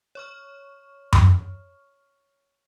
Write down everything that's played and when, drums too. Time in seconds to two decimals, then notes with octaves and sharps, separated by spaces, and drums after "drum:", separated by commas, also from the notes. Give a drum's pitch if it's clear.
0.15 C#5 C#6 F6
1.13 drum: tom F#2